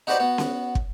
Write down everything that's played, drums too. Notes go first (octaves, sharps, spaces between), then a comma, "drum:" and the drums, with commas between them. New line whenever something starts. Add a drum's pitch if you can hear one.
D#4 F#4 G4 B4 C5 D5
B3 F#4
drum: snare C#4
drum: kick